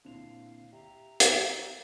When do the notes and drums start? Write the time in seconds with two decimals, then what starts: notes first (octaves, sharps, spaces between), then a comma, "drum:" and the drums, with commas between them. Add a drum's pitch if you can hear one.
0.05 A#2 D3 C4 E4 F5 F7
0.73 G4 E5 A#5
1.20 drum: hi-hat